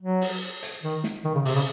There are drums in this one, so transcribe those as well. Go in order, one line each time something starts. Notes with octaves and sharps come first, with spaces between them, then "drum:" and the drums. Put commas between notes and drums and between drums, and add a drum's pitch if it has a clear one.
F#3
drum: open hi-hat
drum: hi-hat
D#3
drum: snare
D#3
C#3
C3, drum: open hi-hat
C#3